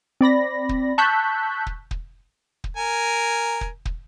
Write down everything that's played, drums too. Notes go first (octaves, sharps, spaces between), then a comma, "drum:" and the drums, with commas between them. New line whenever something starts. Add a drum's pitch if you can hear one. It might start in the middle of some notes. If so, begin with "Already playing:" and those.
C4 D5 B5 A#6
drum: kick
A5 C#6 E6 F#6 G6 B6
drum: kick
drum: kick
drum: kick
A#4 G#5
drum: kick
drum: kick